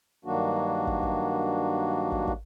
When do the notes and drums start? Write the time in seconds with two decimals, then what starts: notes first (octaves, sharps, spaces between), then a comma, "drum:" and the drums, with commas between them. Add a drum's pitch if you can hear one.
0.25 G2 D#3 F#3 A#3 D4 F#4
0.87 drum: kick
1.03 drum: kick
2.12 drum: kick
2.27 drum: kick